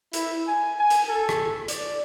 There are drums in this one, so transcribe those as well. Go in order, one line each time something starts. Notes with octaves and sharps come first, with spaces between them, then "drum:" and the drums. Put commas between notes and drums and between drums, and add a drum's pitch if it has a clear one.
E4, drum: hi-hat
G#5
G#5
drum: hi-hat
A4
drum: rim click
D5, drum: hi-hat